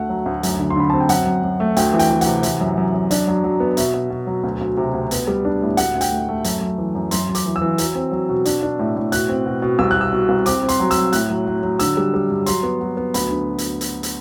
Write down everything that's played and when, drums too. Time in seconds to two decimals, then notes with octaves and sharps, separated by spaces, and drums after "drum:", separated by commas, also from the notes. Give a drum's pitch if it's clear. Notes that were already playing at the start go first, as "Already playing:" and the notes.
Already playing: D2 A3 F#5
0.09 F#3
0.26 D2
0.43 F#2, drum: hi-hat
0.59 D3
0.70 C6
0.76 D3 B5
0.90 C4 A5
1.01 G5
1.09 F#2 F#5, drum: hi-hat
1.26 F#2
1.44 F#2
1.60 A3
1.76 D2 G5, drum: hi-hat
1.94 E3
1.99 G5, drum: hi-hat
2.10 E3
2.21 C3 F#5, drum: hi-hat
2.43 E3, drum: hi-hat
2.61 F#2
2.77 F#2
2.94 F#2
3.11 D4, drum: hi-hat
3.27 F#3
3.44 F#3
3.60 B3
3.77 B2 E5, drum: hi-hat
3.94 B2
4.10 B2
4.27 F#3
4.43 D2
4.61 D2
4.77 C3
4.94 D2
5.11 B3, drum: hi-hat
5.27 G3
5.45 D4
5.62 A2
5.77 D2 F#5, drum: hi-hat
5.95 D2
6.01 G5, drum: hi-hat
6.12 A3
6.29 A3
6.44 F#2, drum: hi-hat
6.61 F#2
6.78 E3
6.95 F#2
7.11 F#2 C6, drum: hi-hat
7.29 F#2
7.35 D6, drum: hi-hat
7.46 E3
7.56 E6
7.61 E3
7.78 F#3, drum: hi-hat
7.95 C4
8.11 F#3
8.29 B2
8.45 D4, drum: hi-hat
8.63 D4
8.79 A2
8.96 A2
9.12 B2 F#6, drum: hi-hat
9.29 C4
9.46 B2
9.62 B2
9.79 C2 E6
9.91 F#6
9.96 B2 E6
10.13 B2
10.29 C2
10.46 C4 D6, drum: hi-hat
10.63 C4
10.69 C6, drum: hi-hat
10.80 F#3
10.91 E6, drum: hi-hat
10.97 F#3
11.13 A2 F#6, drum: hi-hat
11.30 F#3
11.46 F#3
11.63 F#3
11.79 D3 E6, drum: hi-hat
11.97 G3
12.14 G3
12.31 G2
12.46 F#3 C6, drum: hi-hat
12.63 B3
12.81 F#3
12.97 B3
13.14 D2 B5, drum: hi-hat
13.31 D3
13.58 drum: hi-hat
13.81 drum: hi-hat
14.03 drum: hi-hat